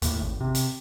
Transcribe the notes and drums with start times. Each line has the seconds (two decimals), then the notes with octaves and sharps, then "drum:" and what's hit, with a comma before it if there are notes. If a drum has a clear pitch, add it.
0.02 D#2 A2, drum: hi-hat
0.21 G#1
0.41 C3
0.55 drum: hi-hat